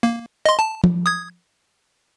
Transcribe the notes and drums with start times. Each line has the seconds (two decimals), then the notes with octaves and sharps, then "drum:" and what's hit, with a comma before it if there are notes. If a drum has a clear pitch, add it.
0.03 A#3
0.46 D#5 C6
0.59 A5
0.84 drum: tom F3
1.06 D#6 G#6